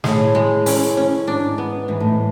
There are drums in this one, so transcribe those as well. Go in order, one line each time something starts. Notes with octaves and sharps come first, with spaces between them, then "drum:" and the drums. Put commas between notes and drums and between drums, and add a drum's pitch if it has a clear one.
A2 G#4, drum: snare
G#3
C#4, drum: open hi-hat
C#4
G#2 D4
B3
G#2 E3
A2